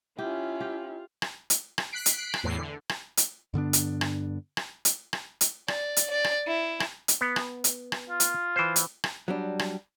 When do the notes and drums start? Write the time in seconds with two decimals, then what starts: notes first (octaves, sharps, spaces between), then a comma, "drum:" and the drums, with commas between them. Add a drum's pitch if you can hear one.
0.19 C#4 E4 F4 G4
0.60 G4
1.22 drum: rim click
1.50 drum: hi-hat
1.78 drum: rim click
1.92 F#6 B6 C7 D7
2.06 drum: hi-hat
2.34 drum: rim click
2.43 E2 A2 E3 C7
2.58 D3
2.89 drum: rim click
3.17 drum: hi-hat
3.54 G2 D3 B3 D4
3.73 drum: hi-hat
4.01 drum: rim click
4.57 drum: rim click
4.85 drum: hi-hat
5.13 drum: rim click
5.41 drum: hi-hat
5.68 D5, drum: rim click
5.97 drum: hi-hat
6.10 D5
6.24 drum: rim click
6.47 E4
6.80 drum: rim click
7.08 drum: hi-hat
7.21 B3
7.36 drum: rim click
7.64 drum: hi-hat
7.92 drum: rim click
8.09 F4
8.20 drum: hi-hat
8.56 E3 C5
8.76 drum: hi-hat
9.04 drum: rim click
9.28 F#3 G3 D4
9.59 drum: rim click